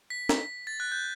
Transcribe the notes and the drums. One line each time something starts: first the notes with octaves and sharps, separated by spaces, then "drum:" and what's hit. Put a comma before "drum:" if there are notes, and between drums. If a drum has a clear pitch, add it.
B6
drum: snare
A6
F#6
G6